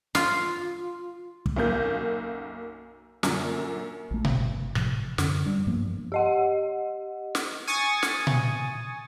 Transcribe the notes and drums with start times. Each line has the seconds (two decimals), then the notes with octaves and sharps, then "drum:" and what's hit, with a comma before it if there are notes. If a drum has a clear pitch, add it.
0.15 F4, drum: snare
1.46 drum: kick
1.56 B1 F#2 A#3 G6
3.23 F#2 A#2 D3, drum: snare
4.11 A#1 A3
4.24 G1, drum: tom A#2
4.75 A2 C3 F3, drum: rim click
5.18 F#2 D3 C#4, drum: snare
5.45 G3 D4
5.67 G2 F3 A#3 B3
6.12 G4 D#5 F#5
7.35 drum: snare
7.68 G#5 C#6 D#6 A6
8.03 drum: snare
8.27 drum: tom A#2